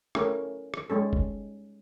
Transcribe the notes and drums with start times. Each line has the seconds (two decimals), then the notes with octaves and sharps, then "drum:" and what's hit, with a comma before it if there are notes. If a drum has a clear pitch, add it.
0.15 A3 C#4 E4 G#4 A#4, drum: rim click
0.74 drum: rim click
0.90 G3 G#3 C#4 A4
1.13 drum: kick F#1